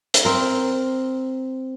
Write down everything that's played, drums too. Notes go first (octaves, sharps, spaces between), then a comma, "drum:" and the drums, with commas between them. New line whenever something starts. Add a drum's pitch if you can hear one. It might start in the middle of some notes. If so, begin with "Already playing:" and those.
drum: hi-hat
C4 A#4